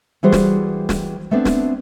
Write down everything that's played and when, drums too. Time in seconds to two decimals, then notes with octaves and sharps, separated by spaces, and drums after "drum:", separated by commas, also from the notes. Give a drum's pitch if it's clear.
0.23 E3 G3 F#4 G#4 C5
0.32 drum: snare
0.89 drum: snare
1.31 A3 B3 C4 D4
1.45 drum: snare